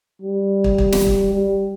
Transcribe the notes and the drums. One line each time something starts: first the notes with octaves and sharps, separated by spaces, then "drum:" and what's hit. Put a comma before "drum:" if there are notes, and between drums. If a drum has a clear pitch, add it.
G3
drum: kick
drum: kick
drum: snare
drum: kick
G3